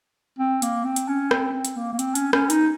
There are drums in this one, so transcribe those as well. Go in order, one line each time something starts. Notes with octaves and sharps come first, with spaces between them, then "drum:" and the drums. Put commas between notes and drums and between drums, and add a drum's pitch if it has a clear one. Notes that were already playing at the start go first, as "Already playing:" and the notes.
C4
A#3, drum: hi-hat
C4
drum: hi-hat
C#4
C4, drum: rim click
C4
drum: hi-hat
A#3
A#3
C4, drum: hi-hat
C#4, drum: hi-hat
C#4, drum: rim click
D#4, drum: hi-hat